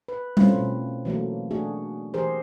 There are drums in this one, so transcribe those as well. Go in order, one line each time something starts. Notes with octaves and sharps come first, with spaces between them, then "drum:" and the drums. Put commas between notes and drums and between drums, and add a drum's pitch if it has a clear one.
B4
A3 C4 C#4 E4 F4, drum: tom G3
B2
E3 F#3 A3 A#3
A3 D4 F#4 G#4
E3 G4 G#4 A#4 C5